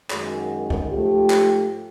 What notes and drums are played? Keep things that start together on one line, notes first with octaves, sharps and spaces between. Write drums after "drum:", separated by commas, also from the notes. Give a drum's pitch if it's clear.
F#2 D#3 G#3 F#4 G#4, drum: clap
drum: kick C2
G#2 F3 A3 F4 G4
drum: clap